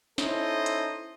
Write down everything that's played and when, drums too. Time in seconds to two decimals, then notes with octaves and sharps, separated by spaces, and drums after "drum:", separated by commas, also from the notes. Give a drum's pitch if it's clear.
0.18 C#4 D#4 E4 A4 C5 D#5, drum: snare
0.66 drum: hi-hat